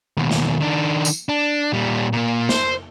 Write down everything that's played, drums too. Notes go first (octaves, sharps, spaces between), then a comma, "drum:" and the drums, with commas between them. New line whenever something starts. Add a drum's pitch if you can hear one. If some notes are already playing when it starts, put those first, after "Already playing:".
D#2 B2
drum: snare
D#3 D4
drum: tambourine
D4
A#2 G3
A#2 A#3
C5, drum: snare